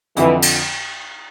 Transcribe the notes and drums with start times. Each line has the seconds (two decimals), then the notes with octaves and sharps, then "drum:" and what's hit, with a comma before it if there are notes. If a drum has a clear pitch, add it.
0.17 F2 D3 E3 F3, drum: hi-hat
0.42 drum: cymbal